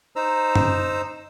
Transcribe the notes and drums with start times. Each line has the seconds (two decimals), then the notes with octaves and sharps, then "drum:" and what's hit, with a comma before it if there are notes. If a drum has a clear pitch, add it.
0.16 D#4 C5 A#5 E6
0.55 drum: tom F#2